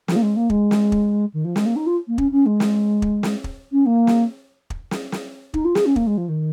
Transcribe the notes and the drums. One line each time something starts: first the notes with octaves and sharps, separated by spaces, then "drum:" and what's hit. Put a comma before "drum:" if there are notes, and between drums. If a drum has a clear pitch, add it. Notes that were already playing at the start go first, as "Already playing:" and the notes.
F3, drum: snare
A#3
G#3
A#3
G#3, drum: kick
drum: snare
drum: kick
D#3
F3
G#3, drum: snare
A#3
D#4
F4
A#3
C#4, drum: kick
C#4
G#3
drum: snare
drum: kick
drum: snare
drum: kick
C#4
A#3
drum: snare
drum: kick
drum: snare
drum: snare
D#4, drum: kick
F4
G#4, drum: snare
C#4
A#3, drum: kick
G#3
F3
D#3